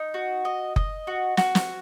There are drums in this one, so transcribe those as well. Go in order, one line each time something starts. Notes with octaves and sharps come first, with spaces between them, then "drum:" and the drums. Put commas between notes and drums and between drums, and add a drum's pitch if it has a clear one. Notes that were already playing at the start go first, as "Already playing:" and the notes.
Already playing: D#4
F#4
D#5
D#5, drum: kick F#1
F#4
F#4, drum: snare
drum: snare